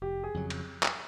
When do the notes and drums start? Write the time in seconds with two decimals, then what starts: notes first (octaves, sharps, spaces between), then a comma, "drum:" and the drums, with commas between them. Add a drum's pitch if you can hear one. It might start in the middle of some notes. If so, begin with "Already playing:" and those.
0.02 F1 G4
0.24 G#4
0.34 F2 C#3 F#3
0.50 drum: cymbal
0.83 drum: clap